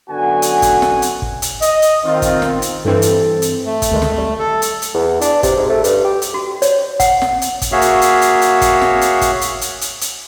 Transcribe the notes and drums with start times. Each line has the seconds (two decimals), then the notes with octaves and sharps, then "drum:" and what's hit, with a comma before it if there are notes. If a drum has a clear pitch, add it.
0.10 F#2 D3 B3 F#4 G#5
0.42 drum: hi-hat
0.62 drum: kick, hi-hat
0.82 drum: snare
1.02 drum: hi-hat
1.22 drum: kick
1.42 drum: hi-hat
1.62 D#5, drum: hi-hat
1.82 drum: hi-hat
2.05 D#3 C4 F4
2.22 drum: kick, hi-hat
2.42 drum: snare
2.62 drum: hi-hat
2.85 G2 E3 C4 A4
3.02 drum: hi-hat
3.42 drum: hi-hat
3.65 A3
3.82 drum: kick, hi-hat
3.91 D2 D#3 G#3
4.02 drum: snare
4.18 G3
4.39 A4
4.62 drum: hi-hat
4.82 drum: hi-hat
4.95 E2
5.21 D4, drum: hi-hat
5.43 C3, drum: kick, hi-hat
5.57 G#2
5.70 A3
5.84 G2, drum: hi-hat
6.05 G4
6.22 drum: hi-hat
6.34 F#4
6.62 C#5, drum: hi-hat
7.00 F#5, drum: kick, hi-hat
7.22 drum: snare
7.42 drum: hi-hat
7.62 drum: kick, hi-hat
7.72 A#3 F#4 G#4 C#5 E5 F5
7.82 drum: hi-hat
8.02 drum: hi-hat
8.21 drum: hi-hat
8.41 drum: hi-hat
8.61 drum: kick, hi-hat
8.81 drum: snare
9.01 drum: hi-hat
9.21 drum: kick, hi-hat
9.41 drum: hi-hat
9.61 drum: hi-hat
9.81 drum: hi-hat
10.01 drum: hi-hat